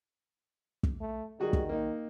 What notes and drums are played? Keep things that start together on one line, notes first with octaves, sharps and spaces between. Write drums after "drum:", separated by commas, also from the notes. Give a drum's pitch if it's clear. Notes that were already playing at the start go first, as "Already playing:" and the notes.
drum: kick
A3
D#3 G3 F#4 G#4
drum: kick
A#3 D#4